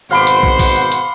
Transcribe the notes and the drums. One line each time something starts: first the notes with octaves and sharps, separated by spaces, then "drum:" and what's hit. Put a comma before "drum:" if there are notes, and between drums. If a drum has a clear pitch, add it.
G#1 B2 C5 F5 F#5 B5 C6 D6
drum: hi-hat
drum: kick
drum: kick, open hi-hat
drum: hi-hat